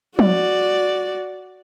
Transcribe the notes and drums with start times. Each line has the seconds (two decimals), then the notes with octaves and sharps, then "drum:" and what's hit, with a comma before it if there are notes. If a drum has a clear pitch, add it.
0.19 F#4 D5, drum: tom